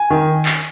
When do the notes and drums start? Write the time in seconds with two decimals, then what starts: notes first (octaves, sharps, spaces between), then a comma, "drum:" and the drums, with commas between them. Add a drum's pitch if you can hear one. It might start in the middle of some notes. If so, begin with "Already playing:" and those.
Already playing: G#5
0.10 D#3
0.46 drum: clap